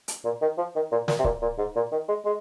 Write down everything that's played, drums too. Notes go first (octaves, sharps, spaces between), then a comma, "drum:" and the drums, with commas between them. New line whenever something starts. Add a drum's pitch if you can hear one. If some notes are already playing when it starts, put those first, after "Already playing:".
drum: hi-hat
A#2
D#3
F3
D#3
A#2
A#2, drum: snare
C3
A#2, drum: kick C#1
A#2
G#2
A#2
D#3
G#3
G#3